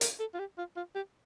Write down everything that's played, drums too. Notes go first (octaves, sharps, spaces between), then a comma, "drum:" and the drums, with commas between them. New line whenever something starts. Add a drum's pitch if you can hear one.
A#4, drum: hi-hat
A4
F4
G4
F4
F4
G4